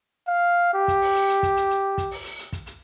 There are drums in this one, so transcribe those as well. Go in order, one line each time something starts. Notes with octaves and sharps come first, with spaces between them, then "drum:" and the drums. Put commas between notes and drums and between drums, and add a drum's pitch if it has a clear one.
F5
G4
drum: kick, hi-hat
drum: open hi-hat
drum: hi-hat
drum: hi-hat
drum: kick, hi-hat
drum: hi-hat
drum: hi-hat
drum: kick, hi-hat
drum: open hi-hat
drum: hi-hat
drum: hi-hat
drum: kick, hi-hat
drum: hi-hat